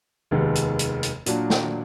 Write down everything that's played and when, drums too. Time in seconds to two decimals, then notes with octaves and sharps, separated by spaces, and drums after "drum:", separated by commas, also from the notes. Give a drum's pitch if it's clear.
0.31 F1 D#2 D#3 G#3 B3
0.55 drum: hi-hat
0.79 drum: hi-hat
1.03 drum: hi-hat
1.26 A#2 F#3 A#3 D4, drum: hi-hat
1.50 drum: snare